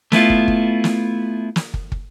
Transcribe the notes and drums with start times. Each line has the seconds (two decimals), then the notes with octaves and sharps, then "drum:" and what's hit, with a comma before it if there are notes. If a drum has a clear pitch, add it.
0.12 A3 B3 E4 F4, drum: snare
0.30 drum: kick
0.48 drum: kick
0.84 drum: snare
1.56 drum: snare
1.74 drum: kick
1.92 drum: kick